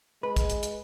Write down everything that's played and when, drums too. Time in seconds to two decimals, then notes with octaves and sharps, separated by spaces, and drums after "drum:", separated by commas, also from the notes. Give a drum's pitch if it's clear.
0.23 G#3 B4
0.36 drum: kick, hi-hat
0.50 drum: hi-hat
0.63 drum: hi-hat